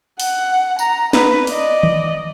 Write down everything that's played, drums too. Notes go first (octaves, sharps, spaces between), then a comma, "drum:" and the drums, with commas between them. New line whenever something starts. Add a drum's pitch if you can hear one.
F#5, drum: open hi-hat
A#5, drum: tambourine
B4, drum: snare
D5 D#5, drum: open hi-hat
drum: tom